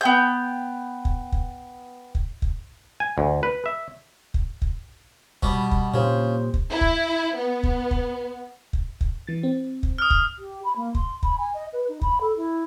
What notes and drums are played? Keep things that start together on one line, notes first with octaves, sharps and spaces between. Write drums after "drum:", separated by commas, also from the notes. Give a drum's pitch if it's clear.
B3 G5 G6
drum: kick
drum: kick
drum: kick
drum: kick
G#5
D2
B4
E5
drum: kick
drum: kick
B2 G3, drum: kick
drum: kick
A#2 C#3 G4 C5
drum: kick
E4
drum: kick
B3
drum: kick
drum: kick
drum: kick
drum: kick
E3 A6
C4
drum: kick
D#6 F6 F#6
drum: kick
G4
B5
A#3
C6, drum: kick
B5, drum: kick
G#5
D#5
B4
D#4
B5, drum: kick
A4
E4